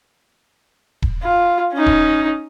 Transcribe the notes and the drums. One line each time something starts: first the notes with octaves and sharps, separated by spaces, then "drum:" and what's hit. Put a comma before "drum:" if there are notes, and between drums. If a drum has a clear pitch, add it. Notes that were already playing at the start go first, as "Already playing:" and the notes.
drum: kick D#1
F4
C#4 D#4
drum: kick D#1